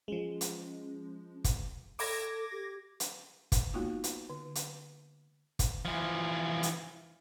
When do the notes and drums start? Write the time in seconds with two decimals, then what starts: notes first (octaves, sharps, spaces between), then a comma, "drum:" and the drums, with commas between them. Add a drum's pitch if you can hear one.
0.08 F3 G#3 C#4
0.41 drum: hi-hat
1.44 drum: kick, hi-hat
1.99 A4 D6 G#6 A#6, drum: open hi-hat
2.52 G4
3.00 drum: hi-hat
3.52 drum: kick, hi-hat
3.74 G#3 A#3 B3 D#4 F4 F#4
4.04 drum: hi-hat
4.30 D3
4.55 drum: hi-hat
5.59 drum: kick, hi-hat
5.85 E3 F3
6.63 drum: hi-hat